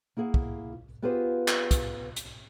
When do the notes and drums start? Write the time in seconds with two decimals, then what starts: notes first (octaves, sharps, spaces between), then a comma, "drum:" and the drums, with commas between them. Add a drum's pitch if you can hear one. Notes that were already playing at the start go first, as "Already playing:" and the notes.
0.17 A#3 E4 G#4 F#5
0.34 drum: kick
1.02 B3 F4 G4 G#4 B4 C5
1.48 drum: clap
1.71 drum: kick, hi-hat
2.16 drum: hi-hat